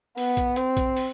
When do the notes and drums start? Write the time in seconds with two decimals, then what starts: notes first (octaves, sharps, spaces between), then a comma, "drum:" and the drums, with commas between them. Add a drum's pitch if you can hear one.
0.18 B3, drum: open hi-hat
0.37 drum: kick A#1, hi-hat
0.56 C4, drum: hi-hat
0.77 drum: kick A#1, hi-hat
0.96 drum: open hi-hat